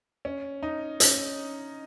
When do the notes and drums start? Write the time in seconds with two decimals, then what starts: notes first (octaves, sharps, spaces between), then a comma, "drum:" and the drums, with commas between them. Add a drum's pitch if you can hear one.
0.25 C#4
0.63 D#4
1.00 C#4, drum: hi-hat